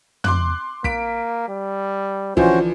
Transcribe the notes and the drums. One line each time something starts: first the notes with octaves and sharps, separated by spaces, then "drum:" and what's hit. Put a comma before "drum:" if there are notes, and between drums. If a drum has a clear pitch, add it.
C6 D6 F#6, drum: tom
A#3 B6 D7, drum: kick
G3
D3 E3 F3 C#4 F#4 C5, drum: kick